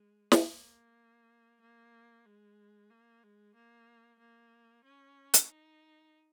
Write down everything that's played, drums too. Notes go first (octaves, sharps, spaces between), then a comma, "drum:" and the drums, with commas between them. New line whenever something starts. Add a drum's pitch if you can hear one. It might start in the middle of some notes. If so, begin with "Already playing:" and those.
Already playing: G#3
A#3, drum: snare
A#3
G#3
A#3
G#3
A#3
A#3
C#4
drum: hi-hat
D#4